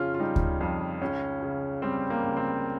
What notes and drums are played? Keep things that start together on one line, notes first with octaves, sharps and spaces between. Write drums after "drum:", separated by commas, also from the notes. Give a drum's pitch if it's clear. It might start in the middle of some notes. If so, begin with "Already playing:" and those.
Already playing: F2 C#3 C#4 F4
F4
G3 D#4
drum: kick D2
F2
C#2 C#4
C#3
G3 C4
A#3
C#2
C4